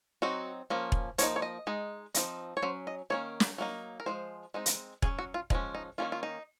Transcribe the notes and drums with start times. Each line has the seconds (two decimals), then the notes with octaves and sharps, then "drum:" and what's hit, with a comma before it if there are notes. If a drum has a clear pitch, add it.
0.22 F#3 C4 D#4 F#4
0.70 F3 A#3 C#4
0.92 drum: kick E1
1.18 F3 A#3 D#4 C#5, drum: hi-hat
1.36 C#5
1.42 D#5
1.67 G#3 D#4
2.14 F3 C4 D#4, drum: hi-hat
2.57 C#5
2.62 F#3 C#4 C5
2.87 D#5
3.10 D#3 A#3 C#4 C#5
3.40 drum: snare
3.58 F#3 A#3 D#4
4.00 A#4
4.06 F3 G#3 C5
4.54 G#3 C4 D#4
4.66 drum: hi-hat
5.02 F#3 C#4 G#4, drum: kick E1
5.19 F#4
5.34 F4
5.50 F3 G#3 C#4 D#4, drum: kick E1
5.75 D#4
5.98 D#3 A#3 C#4 F4
6.12 F4
6.23 D#4